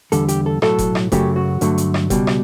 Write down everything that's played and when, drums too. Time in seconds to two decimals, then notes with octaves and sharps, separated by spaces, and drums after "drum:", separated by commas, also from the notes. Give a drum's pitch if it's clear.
0.12 E2 D3 G3 A4, drum: hi-hat
0.28 G4, drum: hi-hat
0.46 A4
0.62 B1 A2 F#3 A4, drum: rim click
0.79 drum: kick F1, hi-hat
0.95 drum: rim click
1.12 F#2 C#3 F#3 A3 G4, drum: kick F1, hi-hat
1.36 F#4
1.61 G2 D3 F#3 A3, drum: hi-hat
1.78 drum: hi-hat
1.94 drum: rim click
2.10 C#2 B2 G3, drum: kick F1, hi-hat
2.27 drum: rim click